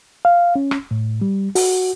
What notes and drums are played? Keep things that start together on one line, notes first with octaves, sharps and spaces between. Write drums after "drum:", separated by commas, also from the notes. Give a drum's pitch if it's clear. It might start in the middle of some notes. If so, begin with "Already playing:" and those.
F5
C#4
drum: rim click
A2
G3
F#4, drum: open hi-hat